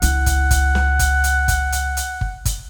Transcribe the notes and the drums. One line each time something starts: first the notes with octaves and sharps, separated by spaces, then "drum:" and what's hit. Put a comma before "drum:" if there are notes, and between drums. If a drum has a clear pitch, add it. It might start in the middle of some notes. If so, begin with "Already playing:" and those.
C#2 E4 F#5, drum: hi-hat
drum: kick G1, hi-hat
drum: kick G1, hi-hat
drum: snare
drum: kick G1, hi-hat
drum: hi-hat
drum: kick G1, hi-hat
drum: hi-hat
drum: hi-hat
drum: kick G1
drum: kick G1, hi-hat